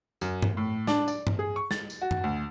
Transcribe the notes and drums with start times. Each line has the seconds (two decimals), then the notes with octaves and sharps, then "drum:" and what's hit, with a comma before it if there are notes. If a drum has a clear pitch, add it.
0.21 F#2, drum: tambourine
0.42 drum: tom G2
0.57 A2
0.87 D4, drum: snare
1.08 D5, drum: tambourine
1.27 drum: tom G2
1.39 G#4
1.56 C#6
1.71 A6, drum: snare
1.90 drum: tambourine
2.01 F#4
2.11 drum: tom F#2
2.24 D2